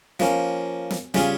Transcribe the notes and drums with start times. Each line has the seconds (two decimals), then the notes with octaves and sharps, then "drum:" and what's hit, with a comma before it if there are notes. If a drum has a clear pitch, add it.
0.20 F3 A#3 C#4, drum: snare
0.90 drum: snare
1.14 C#3 G3 C#4 F4 G#4, drum: snare